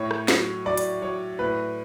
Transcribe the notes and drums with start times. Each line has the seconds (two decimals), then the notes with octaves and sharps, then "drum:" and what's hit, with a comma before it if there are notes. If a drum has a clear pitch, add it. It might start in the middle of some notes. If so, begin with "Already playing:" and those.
Already playing: A2 C#5
0.11 drum: rim click
0.28 F#3, drum: snare
0.65 F#3 D5
0.78 drum: hi-hat
1.02 F#3 C#5
1.39 A2 B4